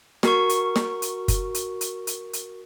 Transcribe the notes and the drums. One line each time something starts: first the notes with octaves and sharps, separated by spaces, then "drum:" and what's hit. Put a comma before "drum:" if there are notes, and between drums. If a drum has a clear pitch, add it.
F#4 A#4 C#6, drum: snare
drum: hi-hat
drum: snare
drum: hi-hat
drum: kick, hi-hat
drum: hi-hat
drum: hi-hat
drum: hi-hat
drum: hi-hat